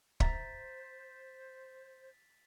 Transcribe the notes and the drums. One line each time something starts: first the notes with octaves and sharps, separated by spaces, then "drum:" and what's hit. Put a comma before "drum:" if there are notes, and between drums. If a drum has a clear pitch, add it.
C5 E5 A#5 A6 B6, drum: kick